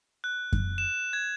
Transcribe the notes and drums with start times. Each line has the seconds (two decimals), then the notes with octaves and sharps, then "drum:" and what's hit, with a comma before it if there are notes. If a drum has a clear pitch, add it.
0.24 F#6
0.53 drum: kick F#2
0.78 E7
1.13 G#6